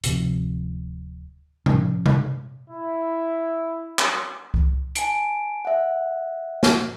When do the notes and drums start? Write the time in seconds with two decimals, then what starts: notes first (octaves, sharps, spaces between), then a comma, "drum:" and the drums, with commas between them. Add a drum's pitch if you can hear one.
0.04 D1 C3 F3, drum: hi-hat
1.66 A2 F3 C#4, drum: tom C3
2.06 drum: tom C3
2.69 E4
3.99 drum: clap
4.54 drum: kick C2
4.95 G#5 A5 D7, drum: hi-hat
5.65 E5 F#5
6.63 drum: snare